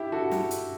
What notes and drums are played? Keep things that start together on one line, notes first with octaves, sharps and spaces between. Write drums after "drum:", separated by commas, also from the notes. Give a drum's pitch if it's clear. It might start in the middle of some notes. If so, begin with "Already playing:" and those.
Already playing: E4 G4
F#4 A4
drum: snare
drum: hi-hat